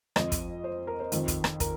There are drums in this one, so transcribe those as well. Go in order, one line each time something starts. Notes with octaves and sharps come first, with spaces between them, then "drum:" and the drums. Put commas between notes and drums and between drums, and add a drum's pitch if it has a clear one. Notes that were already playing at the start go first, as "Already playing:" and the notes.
F2 F3 D#5, drum: rim click
drum: kick, hi-hat
C5
A#4
C5
F2 D#3, drum: hi-hat
drum: kick, hi-hat
drum: rim click
A#4, drum: kick, hi-hat